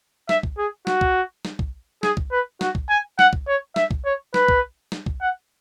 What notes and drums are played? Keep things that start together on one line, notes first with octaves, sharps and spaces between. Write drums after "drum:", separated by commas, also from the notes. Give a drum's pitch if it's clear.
E5, drum: snare
drum: kick
G#4
F#4, drum: snare
drum: kick
drum: snare
drum: kick
G#4, drum: snare
drum: kick
B4
F#4, drum: snare
drum: kick
G#5
F#5, drum: snare
drum: kick
C#5
E5, drum: snare
drum: kick
C#5
B4, drum: snare
drum: kick
drum: snare
drum: kick
F#5